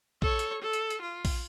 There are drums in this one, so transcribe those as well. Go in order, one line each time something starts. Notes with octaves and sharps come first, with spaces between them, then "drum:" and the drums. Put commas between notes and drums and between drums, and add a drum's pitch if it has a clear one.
A4 C#5, drum: kick A#1
drum: hi-hat
A4
drum: hi-hat
drum: hi-hat
F4
drum: kick A#1, open hi-hat